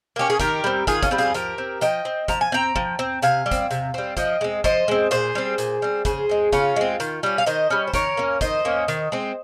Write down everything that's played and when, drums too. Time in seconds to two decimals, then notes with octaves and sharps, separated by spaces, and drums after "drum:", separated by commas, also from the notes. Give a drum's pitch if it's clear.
0.16 A#3 C#4 G4
0.30 G#4
0.40 D#3 G4 A#4, drum: kick, hi-hat
0.64 G3 C4
0.87 D#3 F4 G#4, drum: kick, hi-hat
1.03 C#4 F4, drum: kick, hi-hat
1.11 G3 C4
1.18 F4 G#4, drum: hi-hat
1.34 F3 G4 A#4, drum: hi-hat
1.58 C4
1.81 F3 D#5 G5, drum: hi-hat
2.05 C4
2.28 F3 A#5, drum: kick, hi-hat
2.41 G#5
2.52 C4 G5 A#5
2.76 F3, drum: kick
2.99 C4
3.22 C3 F5 G#5, drum: hi-hat
3.46 G3
3.51 C4, drum: kick, hi-hat
3.71 C3, drum: hi-hat
3.94 G3 C4
4.17 F3 D#5 G5, drum: kick, hi-hat
4.41 G#3 C4
4.64 F3 C5 D#5, drum: kick, hi-hat
4.88 G#3 C4
5.11 A#2 G#4 C5, drum: hi-hat
5.35 G3 C4
5.58 A#2, drum: hi-hat
5.82 G3 C4
6.05 C#3 G#4 C5, drum: kick, hi-hat
6.29 G#3 C4
6.53 C#3 C#4 F4, drum: kick, hi-hat
6.76 G#3 C4
7.00 D#3, drum: hi-hat
7.23 G3 C#4
7.38 F5
7.46 D#3 C5 D#5, drum: hi-hat
7.70 G3 C#4
7.87 C5
7.94 D#3 A#4 C#5, drum: kick, hi-hat
8.17 A#3 C#4
8.41 D#3 C5 D#5, drum: kick, hi-hat
8.65 A#3 C#4
8.88 D#3, drum: hi-hat
9.12 G#3 C4